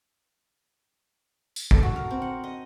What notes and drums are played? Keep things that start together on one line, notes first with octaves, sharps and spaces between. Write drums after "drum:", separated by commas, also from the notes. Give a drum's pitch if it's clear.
drum: tambourine
A4, drum: kick
F#4
A#4
C4
F#5
D#5